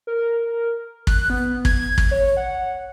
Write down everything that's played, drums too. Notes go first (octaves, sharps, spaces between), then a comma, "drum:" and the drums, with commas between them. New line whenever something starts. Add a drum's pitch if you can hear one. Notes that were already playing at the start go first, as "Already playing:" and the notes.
A#4
F#6, drum: kick
B3
G#6, drum: kick
drum: kick
C#5
F#5